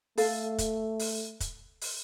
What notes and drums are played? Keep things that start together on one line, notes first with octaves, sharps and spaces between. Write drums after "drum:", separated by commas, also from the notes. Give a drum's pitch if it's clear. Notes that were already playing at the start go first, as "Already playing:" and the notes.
A3 A4 F5, drum: open hi-hat
drum: kick, hi-hat
drum: open hi-hat
drum: kick, hi-hat
drum: open hi-hat